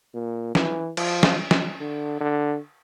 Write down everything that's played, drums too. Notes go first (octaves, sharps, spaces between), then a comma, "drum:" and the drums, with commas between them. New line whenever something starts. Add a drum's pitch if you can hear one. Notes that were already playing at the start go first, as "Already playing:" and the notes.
A#2
E3, drum: snare
F3, drum: cymbal
drum: snare
drum: snare
D3
D3